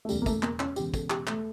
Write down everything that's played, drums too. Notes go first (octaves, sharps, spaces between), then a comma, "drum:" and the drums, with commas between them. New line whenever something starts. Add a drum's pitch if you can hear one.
A3
E1 E2 C#3 G3, drum: tambourine
A#3
A3, drum: kick, tambourine
A#3, drum: clap
C#4, drum: clap
E1 E2 C#3 G4, drum: tambourine
A4, drum: kick, tambourine
G4, drum: clap
A3, drum: clap